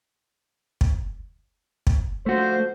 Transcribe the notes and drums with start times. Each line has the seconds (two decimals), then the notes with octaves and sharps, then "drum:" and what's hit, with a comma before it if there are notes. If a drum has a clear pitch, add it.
0.81 drum: kick
1.87 drum: kick
2.26 D3 F3 A3 F#4 C5